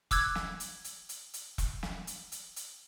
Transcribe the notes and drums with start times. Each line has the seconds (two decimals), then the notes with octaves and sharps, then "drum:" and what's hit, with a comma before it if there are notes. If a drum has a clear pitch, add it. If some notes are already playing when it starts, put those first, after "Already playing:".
0.11 D6 E6 F#6 G#6, drum: kick E1, hi-hat
0.35 drum: snare
0.60 drum: hi-hat
0.84 drum: hi-hat
1.09 drum: hi-hat
1.34 drum: hi-hat
1.58 drum: kick E1, hi-hat
1.83 drum: snare
2.07 drum: hi-hat
2.32 drum: hi-hat
2.56 drum: hi-hat